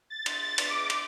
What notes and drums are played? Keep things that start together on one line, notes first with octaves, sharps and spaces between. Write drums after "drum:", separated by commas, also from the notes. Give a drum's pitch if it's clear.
A6
drum: cymbal
drum: cymbal
D6
drum: cymbal